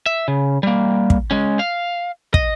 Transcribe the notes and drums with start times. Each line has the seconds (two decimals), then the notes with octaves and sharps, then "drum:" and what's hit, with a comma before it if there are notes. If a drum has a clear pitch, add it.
0.06 E5
0.28 C#3
0.63 G3 A#3
1.10 drum: kick
1.31 G#3 C#4
1.59 F5
2.34 D#5, drum: kick